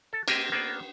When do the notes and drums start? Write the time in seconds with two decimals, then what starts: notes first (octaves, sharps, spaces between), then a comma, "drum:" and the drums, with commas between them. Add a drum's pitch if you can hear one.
0.13 A4
0.28 A#3 C4 G4 G#4 D#5, drum: cymbal
0.52 A#3 B3 G#4 C5 D5